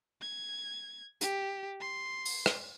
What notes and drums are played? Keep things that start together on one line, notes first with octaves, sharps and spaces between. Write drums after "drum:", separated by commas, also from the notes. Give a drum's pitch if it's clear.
G#6
G4, drum: hi-hat
C6
drum: open hi-hat
drum: rim click